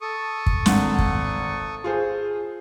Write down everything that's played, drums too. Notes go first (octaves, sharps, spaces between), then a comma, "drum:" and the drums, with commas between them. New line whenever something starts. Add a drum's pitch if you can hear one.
A4 C#6 D#6
drum: kick
G#1 F#5, drum: snare
drum: kick
F4 G#4 C5